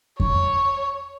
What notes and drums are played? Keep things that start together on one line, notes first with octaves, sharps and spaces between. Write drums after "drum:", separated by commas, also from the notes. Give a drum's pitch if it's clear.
C#5, drum: kick F2